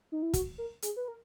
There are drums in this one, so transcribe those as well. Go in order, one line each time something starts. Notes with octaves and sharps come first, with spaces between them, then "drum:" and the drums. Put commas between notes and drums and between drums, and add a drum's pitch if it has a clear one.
D#4
E4
F#4, drum: kick, hi-hat
A#4
G#4, drum: hi-hat
B4
A#4